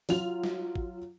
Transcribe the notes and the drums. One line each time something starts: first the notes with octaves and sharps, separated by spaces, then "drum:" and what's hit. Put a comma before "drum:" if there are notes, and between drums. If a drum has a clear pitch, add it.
F#3 F4 F7, drum: open hi-hat
drum: snare
drum: kick G#1